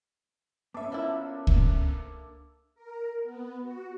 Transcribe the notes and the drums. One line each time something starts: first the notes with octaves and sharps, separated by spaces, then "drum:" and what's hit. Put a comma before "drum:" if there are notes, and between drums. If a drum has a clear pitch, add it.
B3 C#4 E5 A5 B5 D6
F3 A#3 D4 E4 A4
drum: kick C#2
A#4
B3
F#4